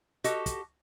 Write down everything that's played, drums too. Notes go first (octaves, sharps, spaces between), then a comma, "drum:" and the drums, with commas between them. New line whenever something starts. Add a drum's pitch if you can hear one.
F#4 G4 A4 D#5, drum: hi-hat
drum: kick, hi-hat